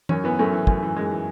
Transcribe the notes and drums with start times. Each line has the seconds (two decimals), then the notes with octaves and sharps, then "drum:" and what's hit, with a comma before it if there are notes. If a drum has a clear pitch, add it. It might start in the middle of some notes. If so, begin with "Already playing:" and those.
0.09 F#2 C#4, drum: tom E3
0.24 E3 B3
0.39 F#2 A3
0.53 E3
0.67 F#2, drum: kick
0.83 E3
0.96 F#2 G#3
1.11 E3